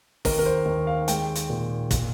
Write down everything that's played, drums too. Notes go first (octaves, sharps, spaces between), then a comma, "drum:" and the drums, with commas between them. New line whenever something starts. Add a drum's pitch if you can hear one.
D#2 A#4, drum: kick, open hi-hat
A#4
C5
D#2
F5
G#3 G5, drum: hi-hat
drum: hi-hat
A#2
A#2, drum: kick, hi-hat